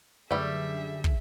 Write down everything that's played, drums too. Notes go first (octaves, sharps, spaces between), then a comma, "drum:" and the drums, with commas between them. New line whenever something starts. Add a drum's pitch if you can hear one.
F#2 D3 G3 A3 G#4 B4 D5 E5
drum: kick